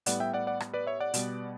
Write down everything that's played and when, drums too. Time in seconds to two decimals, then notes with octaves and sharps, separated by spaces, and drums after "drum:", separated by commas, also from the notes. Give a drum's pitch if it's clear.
0.06 A2 G3 B3 D5 F#5, drum: hi-hat
0.20 E5 G5
0.34 D5 F#5
0.47 D5 F#5
0.60 drum: rim click
0.74 B4 D5
0.87 C#5 E5
1.00 D5 F#5
1.14 B2 G3 B3, drum: hi-hat